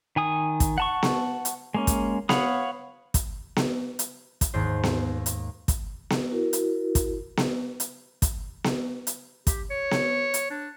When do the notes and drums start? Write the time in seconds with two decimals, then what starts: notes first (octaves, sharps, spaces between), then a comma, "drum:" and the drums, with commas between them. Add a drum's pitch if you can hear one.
0.16 D#3 G#5 D#6
0.60 drum: kick, hi-hat
0.78 F#5 A5 C#6
1.03 drum: snare B3
1.45 drum: hi-hat
1.74 G#3 A#3 C#4
1.87 drum: kick, hi-hat
2.29 C#5 F5 F#5 B5 D#6, drum: snare B3
3.14 drum: kick, hi-hat
3.56 drum: snare B3
3.99 drum: hi-hat
4.41 drum: kick, hi-hat
4.54 D#2 G#2 C5
4.83 drum: snare B3
5.26 drum: hi-hat
5.68 drum: kick, hi-hat
6.10 drum: snare B3
6.31 E4 F#4 A#4
6.53 drum: hi-hat
6.95 drum: kick, hi-hat
7.37 drum: snare B3
7.80 drum: hi-hat
8.22 drum: kick, hi-hat
8.64 drum: snare B3
9.07 drum: hi-hat
9.47 G4, drum: kick, hi-hat
9.70 C#5
9.91 drum: snare B3
10.34 drum: hi-hat
10.50 D4